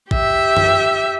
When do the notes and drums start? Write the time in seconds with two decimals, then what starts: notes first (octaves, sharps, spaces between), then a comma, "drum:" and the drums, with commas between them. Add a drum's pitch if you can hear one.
0.11 G4 E5, drum: kick A1
0.57 drum: tom F#2